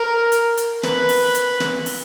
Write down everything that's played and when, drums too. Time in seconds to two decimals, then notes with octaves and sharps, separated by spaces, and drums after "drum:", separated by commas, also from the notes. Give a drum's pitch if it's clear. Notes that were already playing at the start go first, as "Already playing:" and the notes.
Already playing: A#4
0.32 drum: hi-hat
0.57 drum: hi-hat
0.83 B4, drum: snare
1.09 drum: open hi-hat
1.34 drum: hi-hat
1.60 drum: snare
1.86 drum: open hi-hat